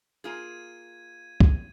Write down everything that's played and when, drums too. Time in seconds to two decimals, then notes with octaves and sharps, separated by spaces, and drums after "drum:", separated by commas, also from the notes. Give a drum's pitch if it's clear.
0.24 A#3 F4 G#4 G#6 D#7
1.40 drum: kick